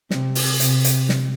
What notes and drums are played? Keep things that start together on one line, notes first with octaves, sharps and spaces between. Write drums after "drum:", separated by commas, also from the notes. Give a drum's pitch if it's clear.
C3, drum: snare
drum: open hi-hat
C3, drum: hi-hat
drum: hi-hat
drum: snare